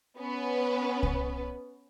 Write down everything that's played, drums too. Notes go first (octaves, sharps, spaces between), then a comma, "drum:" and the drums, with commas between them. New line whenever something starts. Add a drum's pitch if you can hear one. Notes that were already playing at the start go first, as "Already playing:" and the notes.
B3 C#4 B4
drum: kick C2